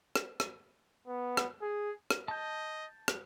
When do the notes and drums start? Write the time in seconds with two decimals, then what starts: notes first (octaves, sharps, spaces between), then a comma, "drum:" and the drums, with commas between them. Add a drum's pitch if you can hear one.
0.16 drum: rim click
0.40 drum: rim click
1.07 B3
1.37 drum: rim click
1.62 G#4
2.10 drum: rim click
2.28 D#5 A5 G6
3.08 drum: rim click